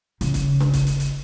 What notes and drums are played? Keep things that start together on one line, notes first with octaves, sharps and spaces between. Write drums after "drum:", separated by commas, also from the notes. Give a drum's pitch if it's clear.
C#3, drum: hi-hat
drum: kick, hi-hat
drum: snare
drum: kick, hi-hat
drum: hi-hat
drum: hi-hat